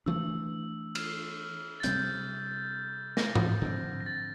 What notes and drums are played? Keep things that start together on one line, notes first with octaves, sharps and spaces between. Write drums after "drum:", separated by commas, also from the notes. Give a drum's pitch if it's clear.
E3 A3 D4 E6
F6, drum: cymbal
A6
C3 G3 C4 G6, drum: hi-hat
A#6, drum: snare
drum: tom G#2
D3 F3 A3 C4
A#6
A6